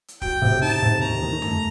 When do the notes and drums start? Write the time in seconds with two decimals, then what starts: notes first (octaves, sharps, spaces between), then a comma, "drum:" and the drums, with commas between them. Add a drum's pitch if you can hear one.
0.08 drum: hi-hat
0.22 F#3 G5, drum: kick
0.42 C3
0.62 D#4 A5
0.82 C3
1.02 D#2 A#5
1.22 D#3
1.42 A3, drum: tom F2